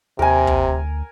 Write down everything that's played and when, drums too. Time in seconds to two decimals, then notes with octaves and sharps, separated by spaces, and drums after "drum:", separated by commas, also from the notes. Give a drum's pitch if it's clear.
0.19 D#2 C3 A#4 G#5
0.47 drum: kick
0.68 D2